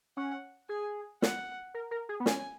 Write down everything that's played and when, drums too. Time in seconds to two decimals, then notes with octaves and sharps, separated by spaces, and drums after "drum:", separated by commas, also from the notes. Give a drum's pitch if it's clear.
0.17 C#4 F#5
0.69 G#4 G#5
1.22 F#5, drum: snare
1.74 A#4
1.91 A#4
2.09 G#4
2.20 B3
2.26 C#4 G#5, drum: snare